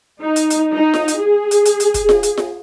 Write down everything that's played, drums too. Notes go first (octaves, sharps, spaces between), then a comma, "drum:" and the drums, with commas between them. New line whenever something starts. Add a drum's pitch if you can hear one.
D#4
drum: hi-hat
drum: hi-hat
D#4
drum: snare F4
drum: hi-hat
G#4
drum: hi-hat
drum: hi-hat
drum: hi-hat
drum: kick, hi-hat
drum: snare F4
drum: hi-hat
drum: snare F4